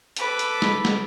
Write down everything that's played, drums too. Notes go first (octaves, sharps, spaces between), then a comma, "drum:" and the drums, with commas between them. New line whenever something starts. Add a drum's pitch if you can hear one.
A4 B4 D6, drum: hi-hat
drum: hi-hat
drum: snare
drum: snare